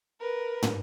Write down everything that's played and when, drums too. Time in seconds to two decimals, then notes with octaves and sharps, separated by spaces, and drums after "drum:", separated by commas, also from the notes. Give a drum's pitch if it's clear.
0.20 A#4 B4
0.63 drum: tom